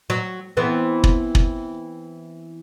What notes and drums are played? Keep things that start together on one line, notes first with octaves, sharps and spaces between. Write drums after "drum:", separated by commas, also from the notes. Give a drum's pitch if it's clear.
F#3
E3 B3 C4
drum: kick
drum: kick